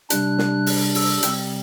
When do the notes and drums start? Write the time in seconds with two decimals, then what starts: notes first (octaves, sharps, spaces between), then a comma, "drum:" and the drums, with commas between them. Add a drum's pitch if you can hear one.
0.10 C3 G3 D4 F#6, drum: hi-hat
0.38 drum: snare
0.66 drum: open hi-hat
0.95 E6, drum: open hi-hat
1.23 C3 G3 C4, drum: hi-hat